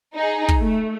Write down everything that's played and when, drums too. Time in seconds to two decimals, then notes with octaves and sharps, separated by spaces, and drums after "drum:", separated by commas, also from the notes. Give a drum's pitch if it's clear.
0.15 D#4 G#4
0.48 drum: kick
0.61 A3